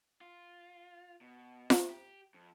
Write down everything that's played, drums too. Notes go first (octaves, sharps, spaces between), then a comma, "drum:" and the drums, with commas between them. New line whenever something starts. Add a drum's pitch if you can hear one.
F4
B2
drum: snare F4
G4
F2